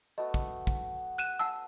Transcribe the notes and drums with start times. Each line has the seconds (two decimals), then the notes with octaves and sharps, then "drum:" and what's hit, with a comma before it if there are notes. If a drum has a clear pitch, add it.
0.18 A3 B3 F#4 D#5
0.34 drum: kick, hi-hat
0.67 drum: kick, hi-hat
1.18 F#6 D#7 E7
1.39 F#5 A5 E6